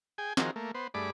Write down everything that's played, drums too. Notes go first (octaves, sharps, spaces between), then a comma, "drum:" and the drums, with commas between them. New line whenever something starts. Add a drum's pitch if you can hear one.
G#4 G5 G#5
D#3 F3 C4 F#4 G#4 A#4, drum: snare
A3 A#3
B3 C5
G2 A3 G#4 D5 B5 D6